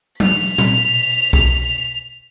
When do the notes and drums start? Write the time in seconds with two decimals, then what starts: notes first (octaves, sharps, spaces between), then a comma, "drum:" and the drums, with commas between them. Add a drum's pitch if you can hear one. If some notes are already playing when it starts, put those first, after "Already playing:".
0.20 B6 F7, drum: tom F#3
0.58 drum: tom A#2
1.33 drum: kick B1